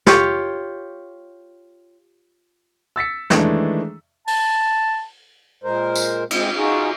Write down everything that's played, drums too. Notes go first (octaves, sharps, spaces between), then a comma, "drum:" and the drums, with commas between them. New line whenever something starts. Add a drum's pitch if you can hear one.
F4 G4 C#5, drum: snare
E6 A6 B6 C#7
D#3 E3 G#3 A3 D4, drum: snare
A5, drum: open hi-hat
A#2 G#3 A#4 C5
drum: tambourine
G#3 C4, drum: cymbal
D#4 F4 F#4 G#4